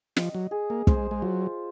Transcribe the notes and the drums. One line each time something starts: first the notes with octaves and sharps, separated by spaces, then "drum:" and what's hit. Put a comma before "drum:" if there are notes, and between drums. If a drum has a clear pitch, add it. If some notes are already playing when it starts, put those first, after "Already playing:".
F3 D#5, drum: snare
F#3
G#4
A#3
G#3 C5, drum: kick
G#3
F#3 F4